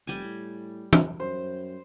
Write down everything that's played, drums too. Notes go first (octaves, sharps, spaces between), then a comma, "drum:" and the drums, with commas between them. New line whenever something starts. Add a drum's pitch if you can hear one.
F1 G3 G#5
A2
drum: tom
F#2 C5